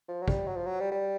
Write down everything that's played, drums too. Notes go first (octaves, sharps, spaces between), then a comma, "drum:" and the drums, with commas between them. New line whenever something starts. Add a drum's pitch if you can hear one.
F3
F#3
G3, drum: kick
F#3
F3
F#3
G3
G3